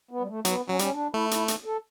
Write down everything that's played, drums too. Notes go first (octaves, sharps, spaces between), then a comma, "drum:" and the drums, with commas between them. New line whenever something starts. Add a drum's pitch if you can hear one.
B3
G3
A3
F#3 B3, drum: hi-hat
F#3 C#4
G3 C#4, drum: hi-hat
D4
A3 E4
E4, drum: hi-hat
drum: hi-hat
A4